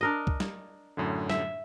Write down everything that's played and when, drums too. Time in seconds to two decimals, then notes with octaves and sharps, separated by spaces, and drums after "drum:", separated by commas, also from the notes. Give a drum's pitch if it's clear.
0.01 D4 A#4 D#5
0.27 drum: kick C2
0.40 drum: snare
0.97 F#2 A2 D3
1.30 E5, drum: snare